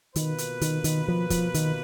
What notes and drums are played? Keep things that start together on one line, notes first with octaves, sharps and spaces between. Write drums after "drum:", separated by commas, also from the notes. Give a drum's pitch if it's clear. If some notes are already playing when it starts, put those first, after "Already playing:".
B2 D#3 A#3 F4 B4, drum: hi-hat
drum: hi-hat
D#3, drum: hi-hat
D#3, drum: hi-hat
F3
F3, drum: kick, hi-hat
D#3, drum: hi-hat